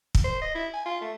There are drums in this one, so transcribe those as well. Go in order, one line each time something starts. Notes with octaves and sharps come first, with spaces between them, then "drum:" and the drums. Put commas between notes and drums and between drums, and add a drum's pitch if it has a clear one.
drum: kick
C5
D#5
E4
G#5
F4
A3